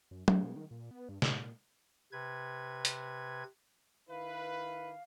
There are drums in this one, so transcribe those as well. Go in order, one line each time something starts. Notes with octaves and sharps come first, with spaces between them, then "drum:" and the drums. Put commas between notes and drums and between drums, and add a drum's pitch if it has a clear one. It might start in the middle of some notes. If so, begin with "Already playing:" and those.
F#2
A3, drum: tom
B2
D#3
A#2
B3
G2
A2, drum: snare
A#2
C3 B4 G#6
drum: hi-hat
D#3 E4 B4 F5